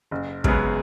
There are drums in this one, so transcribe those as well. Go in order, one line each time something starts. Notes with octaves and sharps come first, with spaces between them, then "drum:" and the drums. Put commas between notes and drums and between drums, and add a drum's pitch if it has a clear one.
F#1
F#2 C#3 G#3 B3, drum: kick